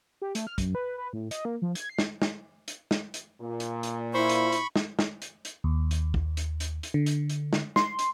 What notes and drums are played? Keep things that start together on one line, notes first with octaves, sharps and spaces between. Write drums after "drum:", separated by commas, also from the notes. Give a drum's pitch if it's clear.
G4
A3, drum: hi-hat
F6
F#2, drum: kick, hi-hat
B4
B4
A2
D#5, drum: hi-hat
A#3
F3
G#6, drum: hi-hat
C7
drum: snare
drum: snare
drum: hi-hat
drum: snare
drum: hi-hat
A#2
drum: hi-hat
drum: hi-hat
E4 C5 B5 C#6
drum: hi-hat
drum: hi-hat
drum: snare
drum: snare
drum: hi-hat
drum: hi-hat
D#2
drum: hi-hat
drum: kick
drum: hi-hat
drum: hi-hat
drum: hi-hat
D3
drum: hi-hat
drum: hi-hat
drum: snare
C6, drum: snare
drum: hi-hat